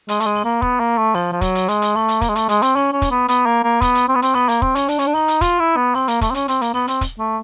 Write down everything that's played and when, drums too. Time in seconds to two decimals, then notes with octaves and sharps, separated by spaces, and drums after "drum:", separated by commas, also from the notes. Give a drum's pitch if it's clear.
0.09 G#3, drum: hi-hat
0.20 A3, drum: hi-hat
0.26 G#3
0.35 drum: open hi-hat
0.44 A#3
0.62 B3, drum: kick
0.80 A#3
0.98 A3
1.15 F3, drum: open hi-hat
1.32 F3
1.41 F#3, drum: kick, hi-hat
1.55 drum: hi-hat
1.68 G#3, drum: hi-hat
1.82 drum: hi-hat
1.96 A3, drum: open hi-hat
2.08 drum: hi-hat
2.21 A#3, drum: kick, hi-hat
2.29 G#3
2.35 A3, drum: hi-hat
2.49 G#3, drum: hi-hat
2.62 C4, drum: hi-hat
2.76 C#4, drum: open hi-hat
2.93 C#4
3.02 drum: kick, hi-hat
3.11 B3
3.28 B3, drum: hi-hat
3.46 A#3
3.64 A#3
3.81 B3, drum: kick, hi-hat
3.95 drum: hi-hat
4.08 C4
4.15 B3
4.22 C4, drum: hi-hat
4.34 B3, drum: open hi-hat
4.49 A#3, drum: hi-hat
4.62 C4, drum: kick
4.75 C#4, drum: hi-hat
4.88 D4, drum: hi-hat
4.99 C#4, drum: hi-hat
5.07 D4
5.14 D#4, drum: open hi-hat
5.28 drum: hi-hat
5.41 F4, drum: kick, hi-hat
5.59 E4
5.76 B3
5.95 C4, drum: open hi-hat
6.08 A#3, drum: hi-hat
6.21 A3, drum: kick, hi-hat
6.30 C4
6.34 C#4, drum: hi-hat
6.48 C4, drum: hi-hat
6.61 A#3, drum: hi-hat
6.74 B3, drum: open hi-hat
6.88 C4, drum: hi-hat
7.01 drum: kick, hi-hat
7.19 A3